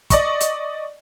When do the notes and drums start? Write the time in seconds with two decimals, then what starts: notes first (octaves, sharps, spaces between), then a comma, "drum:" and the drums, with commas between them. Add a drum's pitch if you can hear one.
0.10 D5 D#5 C#6, drum: kick, hi-hat
0.41 drum: hi-hat